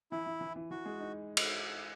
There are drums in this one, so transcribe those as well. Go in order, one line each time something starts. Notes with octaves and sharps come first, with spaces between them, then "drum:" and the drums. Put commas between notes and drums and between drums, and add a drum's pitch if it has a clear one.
E3 E4
E3
E3
E3
E3 F#4
G#3
D#4
drum: cymbal